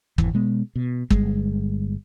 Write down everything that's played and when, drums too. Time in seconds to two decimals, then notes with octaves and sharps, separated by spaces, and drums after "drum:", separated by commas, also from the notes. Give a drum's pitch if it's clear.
0.18 G#1 E2 E3, drum: kick
0.33 B2 G#3 B3
0.76 B2
1.10 G1 G3 G#3, drum: kick